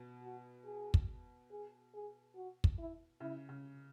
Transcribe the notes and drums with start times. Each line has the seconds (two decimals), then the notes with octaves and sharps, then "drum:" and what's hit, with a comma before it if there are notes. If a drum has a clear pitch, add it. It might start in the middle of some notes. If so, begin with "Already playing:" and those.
Already playing: B2
0.23 F#4
0.65 G#4
0.94 drum: kick
1.51 G#4
1.94 G#4
2.35 F#4
2.64 drum: kick
2.78 E4
3.20 C#3 E4
3.49 C#3